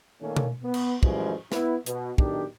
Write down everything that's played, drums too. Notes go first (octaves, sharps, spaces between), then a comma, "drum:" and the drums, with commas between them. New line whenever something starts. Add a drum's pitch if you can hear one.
A#2 D#3 A3 A#3 C#4
drum: tom B2
B3
drum: cymbal
F#2 E3 F3 G3 G#3, drum: kick
B3 E4, drum: snare
B2, drum: hi-hat
B1 D#3 D4 D#4 G4, drum: kick